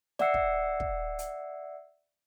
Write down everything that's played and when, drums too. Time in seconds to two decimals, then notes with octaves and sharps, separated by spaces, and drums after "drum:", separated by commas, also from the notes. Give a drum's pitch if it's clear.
0.19 D5 E5 F#5 E6 C7 C#7, drum: snare
0.34 drum: kick
0.80 drum: kick
1.19 drum: hi-hat